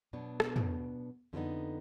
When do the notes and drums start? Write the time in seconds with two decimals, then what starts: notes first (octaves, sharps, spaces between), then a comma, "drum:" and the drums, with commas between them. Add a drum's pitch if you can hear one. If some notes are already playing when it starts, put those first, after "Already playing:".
0.13 B2 F#3 B3 D4
0.40 drum: rim click
0.56 drum: tom
1.33 F2 D3 G#3 B3 D#4